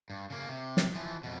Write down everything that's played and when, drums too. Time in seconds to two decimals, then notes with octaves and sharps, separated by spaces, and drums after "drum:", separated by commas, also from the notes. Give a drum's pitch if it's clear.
0.10 G2
0.30 C#3 A#3
0.48 C3
0.77 drum: snare
0.95 E3 F3
1.23 F2 B2